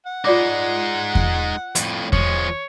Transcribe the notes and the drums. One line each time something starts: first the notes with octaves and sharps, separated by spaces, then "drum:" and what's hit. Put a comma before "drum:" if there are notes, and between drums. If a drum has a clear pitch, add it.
F#5
G#3 D#4 F4 D5 D6
drum: kick E2
F2 A2, drum: hi-hat
F3 G#3 C#5, drum: kick E2